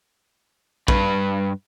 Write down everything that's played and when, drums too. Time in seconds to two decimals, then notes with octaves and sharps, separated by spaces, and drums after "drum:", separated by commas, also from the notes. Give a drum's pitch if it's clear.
0.88 G2 B4, drum: kick